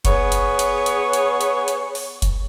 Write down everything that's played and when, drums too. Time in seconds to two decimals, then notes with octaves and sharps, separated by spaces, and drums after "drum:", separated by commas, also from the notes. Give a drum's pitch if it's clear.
0.05 B3 G#4 C#5, drum: kick F#1, hi-hat
0.32 drum: hi-hat
0.59 drum: hi-hat
0.86 drum: hi-hat
1.13 drum: hi-hat
1.41 drum: hi-hat
1.68 drum: hi-hat
1.95 drum: open hi-hat
2.22 drum: kick F#1, hi-hat